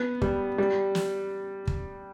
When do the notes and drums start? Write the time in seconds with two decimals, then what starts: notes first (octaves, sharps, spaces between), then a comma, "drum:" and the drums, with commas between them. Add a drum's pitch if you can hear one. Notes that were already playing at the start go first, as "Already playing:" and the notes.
Already playing: B3
0.22 G3, drum: kick
0.58 G3
0.95 drum: snare
1.67 drum: kick